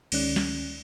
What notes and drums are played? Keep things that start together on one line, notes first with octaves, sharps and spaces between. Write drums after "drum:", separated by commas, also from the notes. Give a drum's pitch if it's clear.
D2 D#3 G#3 C#4 D5 F#6, drum: cymbal
drum: snare